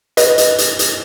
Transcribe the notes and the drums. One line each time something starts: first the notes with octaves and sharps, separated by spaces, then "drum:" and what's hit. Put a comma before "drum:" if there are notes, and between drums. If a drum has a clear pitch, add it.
B4 D#5, drum: hi-hat
drum: hi-hat
drum: hi-hat
drum: hi-hat